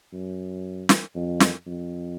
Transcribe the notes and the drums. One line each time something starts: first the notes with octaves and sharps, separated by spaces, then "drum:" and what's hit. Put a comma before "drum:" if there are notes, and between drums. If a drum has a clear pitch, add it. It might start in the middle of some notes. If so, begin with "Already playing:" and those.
F#2
drum: snare
F2
drum: snare
F2